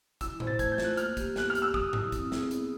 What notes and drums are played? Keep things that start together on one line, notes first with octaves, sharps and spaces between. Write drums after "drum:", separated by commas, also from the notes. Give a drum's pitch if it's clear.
E4 E6, drum: kick G#1, hi-hat
C5, drum: tom A2
A6
A3 G#6, drum: kick G#1, hi-hat
G6
F4, drum: snare
F#6
A#3 F6, drum: hi-hat
G4, drum: kick G#1, hi-hat
B3 F#6, drum: snare
F6
G4, drum: hi-hat
E6
F#3 D#6, drum: kick G#1
E4, drum: tom G2
C4, drum: kick G#1, hi-hat
G#4, drum: snare
B3, drum: hi-hat